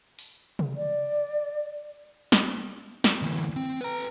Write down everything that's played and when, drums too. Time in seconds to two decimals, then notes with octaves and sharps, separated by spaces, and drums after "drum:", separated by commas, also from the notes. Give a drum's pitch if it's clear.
0.19 drum: open hi-hat
0.59 drum: tom C3
0.76 D5
2.32 drum: snare
3.04 drum: snare
3.22 D2 E3
3.56 C4
3.81 B4 A#5